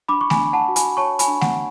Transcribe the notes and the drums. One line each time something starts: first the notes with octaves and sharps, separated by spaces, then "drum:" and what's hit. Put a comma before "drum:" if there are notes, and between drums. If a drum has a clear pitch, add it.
D4 B5 D6
C#6
G#5 B5, drum: snare A3
D4
F#5 A5
F#4
G#5 B5, drum: hi-hat
C#5 A5 C#6
G#5 B5, drum: hi-hat
D4
F#5, drum: snare A3